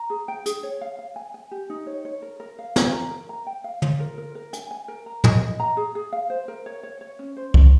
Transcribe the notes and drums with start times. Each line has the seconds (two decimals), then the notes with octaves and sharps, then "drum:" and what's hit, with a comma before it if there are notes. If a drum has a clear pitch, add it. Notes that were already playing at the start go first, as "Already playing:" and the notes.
Already playing: A#5
0.10 G#4
0.28 G5
0.46 G#4, drum: hi-hat
0.63 C#5
0.81 F5
0.99 F5
1.16 G#5
1.34 G#5
1.51 G4
1.70 D#4
1.87 C#5
2.05 C#5
2.22 A#4
2.40 A#4
2.59 F5
2.76 A#4, drum: snare
2.94 A#5
3.11 A#4
3.29 A#5
3.47 G5
3.64 F5
3.82 F4, drum: tom
4.00 A#4
4.18 A#4
4.35 A#4
4.53 G#5, drum: hi-hat
4.71 G#5
4.88 A#4
5.06 A#5
5.24 D#5, drum: tom
5.42 D#5
5.60 A#5
5.77 G#4
5.95 G#4
6.13 F5
6.30 C5
6.48 A#4
6.66 C#5
6.83 C#5
7.01 C#5
7.19 C#4
7.37 C5
7.54 C#4, drum: kick C2